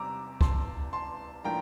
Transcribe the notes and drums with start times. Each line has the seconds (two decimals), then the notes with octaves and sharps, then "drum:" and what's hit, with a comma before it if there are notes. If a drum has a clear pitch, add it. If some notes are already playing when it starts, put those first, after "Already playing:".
Already playing: E2 C3 G3 A#5 D6 E6
0.41 A5 C6, drum: kick
0.93 A5 C6
1.44 A2 F3 A#3 D4 F4 G5 A#5